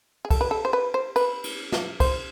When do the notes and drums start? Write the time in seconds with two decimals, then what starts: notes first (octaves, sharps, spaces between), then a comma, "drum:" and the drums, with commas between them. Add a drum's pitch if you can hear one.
0.25 G#4
0.30 A4, drum: kick, cymbal
0.41 B4
0.51 A4
0.65 C5
0.73 B4
0.94 C5
1.16 B4, drum: cymbal
1.44 drum: cymbal
1.72 drum: snare
2.00 C5, drum: kick, cymbal